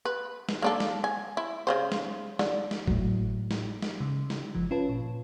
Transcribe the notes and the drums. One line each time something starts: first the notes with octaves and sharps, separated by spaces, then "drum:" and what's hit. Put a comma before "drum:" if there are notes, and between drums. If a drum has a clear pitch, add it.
B4
drum: snare
A#3 D4 A4
drum: snare
G#5
E4
C#3 B3 C5
drum: snare
D3, drum: snare
drum: snare
A2 F#3, drum: kick G1
drum: snare
drum: snare
C#3
drum: snare
G1 G2 F3
C#4 F4 B4 A5
A#2